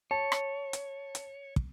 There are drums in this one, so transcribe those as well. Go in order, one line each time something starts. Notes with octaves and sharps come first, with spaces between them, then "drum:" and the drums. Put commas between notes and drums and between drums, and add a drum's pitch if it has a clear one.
C#5 A5
drum: rim click
drum: hi-hat
drum: hi-hat
drum: kick